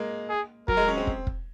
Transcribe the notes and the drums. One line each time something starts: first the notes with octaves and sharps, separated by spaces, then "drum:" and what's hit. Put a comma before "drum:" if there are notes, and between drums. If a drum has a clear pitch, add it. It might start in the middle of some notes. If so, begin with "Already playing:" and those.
Already playing: G#3 A#3
G#4
F#3 A#4, drum: kick
G#3
C#4
C4
drum: kick
drum: kick